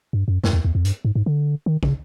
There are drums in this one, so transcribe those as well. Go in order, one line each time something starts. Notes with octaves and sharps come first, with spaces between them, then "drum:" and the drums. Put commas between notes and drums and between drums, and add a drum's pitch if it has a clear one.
G2
F#2
F#2, drum: snare
E2
E2
F2
G2, drum: hi-hat
G#2
G#2
D3
D#3
C#3, drum: kick